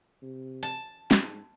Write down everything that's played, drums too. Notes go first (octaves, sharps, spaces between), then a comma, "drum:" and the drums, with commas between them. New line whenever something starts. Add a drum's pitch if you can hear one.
C3
A5
G#2, drum: snare